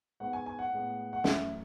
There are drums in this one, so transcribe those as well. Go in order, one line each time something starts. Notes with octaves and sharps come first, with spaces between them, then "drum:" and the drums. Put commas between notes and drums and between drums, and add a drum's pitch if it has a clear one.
G#2 G#3 B3 F#5
G#5
G#5
F#5
A2 G#3 B3
F#5
F#2 E3 A3 E5, drum: snare